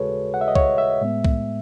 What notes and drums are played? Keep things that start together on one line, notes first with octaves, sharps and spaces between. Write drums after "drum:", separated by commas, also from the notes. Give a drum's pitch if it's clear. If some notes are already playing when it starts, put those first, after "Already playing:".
Already playing: D#2 C#3 G#3 F#4 G#4 A4 B4 C#5
F#5
E5
D#5
C#5, drum: kick C2
E5
A2 G#3 B3
drum: kick C2